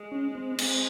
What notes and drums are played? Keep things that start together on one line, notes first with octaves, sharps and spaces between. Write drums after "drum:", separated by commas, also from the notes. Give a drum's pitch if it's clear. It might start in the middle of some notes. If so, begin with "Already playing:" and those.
Already playing: G#3
C#4
C4
C4, drum: cymbal